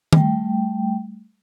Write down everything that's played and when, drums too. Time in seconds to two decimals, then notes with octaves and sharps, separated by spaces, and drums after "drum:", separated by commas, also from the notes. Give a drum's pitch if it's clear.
0.13 G3 A3 G5, drum: tom D#3